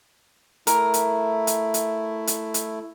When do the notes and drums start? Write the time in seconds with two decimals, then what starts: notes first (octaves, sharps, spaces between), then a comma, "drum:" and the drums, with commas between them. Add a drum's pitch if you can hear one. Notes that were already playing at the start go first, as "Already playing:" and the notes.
0.67 A3 E4 A#4, drum: hi-hat
0.94 drum: hi-hat
1.47 drum: hi-hat
1.74 drum: hi-hat
2.27 drum: hi-hat
2.54 drum: hi-hat